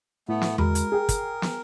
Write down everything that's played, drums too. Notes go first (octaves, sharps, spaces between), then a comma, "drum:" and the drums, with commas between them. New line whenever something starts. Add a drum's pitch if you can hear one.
A2 A3 B3
drum: snare
G#3 F#4 A#4 B5, drum: tom E2
drum: hi-hat
G#4 G5
drum: kick, hi-hat
drum: snare